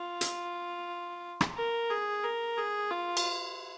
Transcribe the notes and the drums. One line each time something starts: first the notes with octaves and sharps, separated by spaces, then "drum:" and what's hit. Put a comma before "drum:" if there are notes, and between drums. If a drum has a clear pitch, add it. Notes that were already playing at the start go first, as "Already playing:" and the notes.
Already playing: F4
drum: hi-hat
drum: rim click
A#4
G#4
A#4
G#4
F4
drum: cymbal